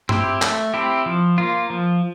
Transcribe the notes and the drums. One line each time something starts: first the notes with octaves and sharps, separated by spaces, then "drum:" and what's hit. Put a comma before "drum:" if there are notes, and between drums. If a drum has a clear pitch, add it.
C4 E4 G4, drum: tom G2
A3, drum: clap
C4 E4 G4
F3
A#3 F4
F3